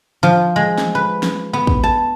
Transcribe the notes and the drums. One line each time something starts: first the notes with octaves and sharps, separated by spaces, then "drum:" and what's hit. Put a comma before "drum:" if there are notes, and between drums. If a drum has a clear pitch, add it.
F3
G#3
drum: snare
B4
drum: snare
B3
drum: kick
A5